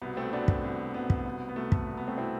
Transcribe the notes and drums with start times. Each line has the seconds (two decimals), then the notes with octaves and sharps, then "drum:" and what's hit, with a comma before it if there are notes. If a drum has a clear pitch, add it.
0.02 C2 B2 B3
0.17 A3 C4
0.32 C2 B2 B3 D4
0.48 drum: kick
0.64 C2 B2
0.94 C2 B2 B3
1.10 drum: kick
1.25 C2 B2
1.49 B3
1.56 C2 B2 A3
1.72 A3, drum: kick
1.87 C2 B2
1.97 B3
2.07 A3 C4
2.18 B2 C4 E4